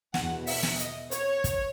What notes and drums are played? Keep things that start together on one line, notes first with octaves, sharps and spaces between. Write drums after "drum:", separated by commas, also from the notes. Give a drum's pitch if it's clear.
E2 B2 F#5, drum: snare
E5, drum: open hi-hat
drum: snare
D#5, drum: hi-hat
C#5, drum: hi-hat
drum: kick, hi-hat